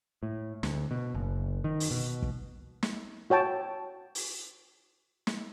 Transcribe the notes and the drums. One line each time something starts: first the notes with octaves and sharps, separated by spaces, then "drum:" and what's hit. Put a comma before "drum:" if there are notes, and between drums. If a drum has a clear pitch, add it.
A2
D2, drum: snare
B2
F#1
D#3
drum: open hi-hat
B2
drum: kick
drum: snare
F#4 C#5 G5 A5
drum: open hi-hat
drum: snare